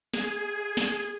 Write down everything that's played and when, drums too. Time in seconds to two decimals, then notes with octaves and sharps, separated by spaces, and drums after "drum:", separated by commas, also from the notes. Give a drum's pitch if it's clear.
0.14 G#4, drum: snare
0.77 drum: snare